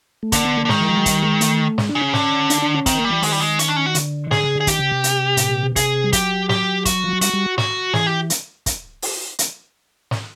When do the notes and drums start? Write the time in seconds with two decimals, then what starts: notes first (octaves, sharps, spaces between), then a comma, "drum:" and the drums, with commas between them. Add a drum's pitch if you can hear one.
0.23 A3
0.32 D3 A#3, drum: kick, hi-hat
0.45 B3
0.57 A#3
0.65 D3
0.69 D#3 G#3, drum: snare
0.81 E3
0.89 F3
0.98 F#3
1.06 G3, drum: kick, hi-hat
1.23 G#3
1.41 A3, drum: hi-hat
1.78 G#3, drum: snare
1.89 D4
1.95 C#3
2.01 C#4
2.14 D3, drum: snare
2.50 D4, drum: hi-hat
2.62 D4
2.74 C#4
2.86 D#3 C4, drum: kick, hi-hat
2.99 A#3
3.04 G3
3.10 E3
3.23 D#3 G#3, drum: open hi-hat
3.32 G3
3.41 G#3
3.59 C#4, drum: hi-hat
3.68 D4
3.76 C#4
3.86 F#4
3.95 D3, drum: hi-hat
4.27 D#3
4.31 D3 G#4, drum: snare
4.44 C#3
4.55 D3
4.60 G#4
4.67 D#3 G4, drum: kick, hi-hat
4.79 C#3
4.92 C3
5.04 drum: hi-hat
5.37 A2, drum: hi-hat
5.50 A#2
5.64 B2
5.76 C3 G#4, drum: kick, hi-hat
6.04 G3
6.13 F#3 G4, drum: kick, hi-hat
6.49 G4, drum: snare
6.85 F#4, drum: kick, hi-hat
7.04 F3
7.13 F#3
7.21 G3 F#4, drum: hi-hat
7.33 G3
7.58 F#4, drum: snare
7.94 E3 G#4, drum: snare
8.06 G4
8.30 drum: hi-hat
8.66 drum: kick, hi-hat
9.02 drum: open hi-hat
9.39 drum: hi-hat
10.11 drum: snare